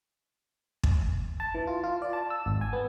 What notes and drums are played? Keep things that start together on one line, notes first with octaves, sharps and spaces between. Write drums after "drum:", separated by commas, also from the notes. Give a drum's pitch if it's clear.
drum: kick
A5
E3
F4
F4
D5
A5
E6
G#1
G#5
B3